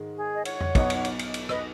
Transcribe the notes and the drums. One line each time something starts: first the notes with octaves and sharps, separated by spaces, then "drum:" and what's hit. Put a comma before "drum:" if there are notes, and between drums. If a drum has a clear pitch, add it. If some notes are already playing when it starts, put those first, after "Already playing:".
Already playing: G#2 D#3 G#3
G#4
D#5
C#5 F#5, drum: cymbal
drum: tom F2
B1 B2 B3 D#4, drum: kick, cymbal
drum: cymbal
drum: cymbal
drum: cymbal
drum: cymbal
B4 D#5, drum: rim click